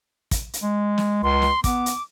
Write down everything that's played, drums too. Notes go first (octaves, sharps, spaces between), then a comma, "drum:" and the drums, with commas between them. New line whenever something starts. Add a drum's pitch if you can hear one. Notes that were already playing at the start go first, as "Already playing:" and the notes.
drum: kick, hi-hat
drum: hi-hat
G#3
drum: snare
C#2 C6
drum: snare
B3 D6, drum: kick, hi-hat
drum: hi-hat